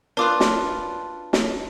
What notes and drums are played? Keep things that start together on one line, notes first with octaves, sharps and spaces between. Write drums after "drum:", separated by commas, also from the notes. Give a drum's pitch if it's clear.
D4 F4 A#4 B4 D6 D#6
drum: snare
drum: snare